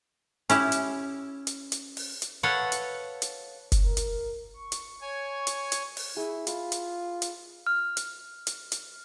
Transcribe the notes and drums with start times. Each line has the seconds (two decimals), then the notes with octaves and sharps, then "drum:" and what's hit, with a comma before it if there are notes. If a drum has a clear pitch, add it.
0.49 C#4 E4 G4, drum: hi-hat
0.72 drum: hi-hat
1.47 drum: hi-hat
1.72 drum: hi-hat
1.97 drum: open hi-hat
2.22 drum: hi-hat
2.43 A4 B4 C#5 F5 F#5
2.72 drum: hi-hat
3.22 drum: hi-hat
3.72 drum: kick F#1, hi-hat
3.83 A#4
3.97 drum: hi-hat
4.54 C#6
4.72 drum: hi-hat
5.01 C#5 G#5
5.47 drum: hi-hat
5.72 drum: hi-hat
5.97 drum: open hi-hat
6.17 E4 G#4
6.47 F4 B5, drum: hi-hat
6.72 drum: hi-hat
7.22 drum: hi-hat
7.67 F6
7.97 drum: hi-hat
8.47 drum: hi-hat
8.72 drum: hi-hat